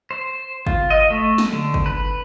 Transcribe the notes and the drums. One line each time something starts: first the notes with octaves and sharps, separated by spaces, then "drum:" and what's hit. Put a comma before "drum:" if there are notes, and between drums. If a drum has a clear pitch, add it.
C5
F4, drum: kick
D#5
A3
drum: snare
D3
drum: kick
B4